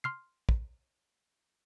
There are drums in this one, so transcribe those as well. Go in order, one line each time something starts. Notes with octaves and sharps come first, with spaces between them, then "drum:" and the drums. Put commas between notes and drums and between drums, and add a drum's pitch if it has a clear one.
C6 F6 C7
drum: kick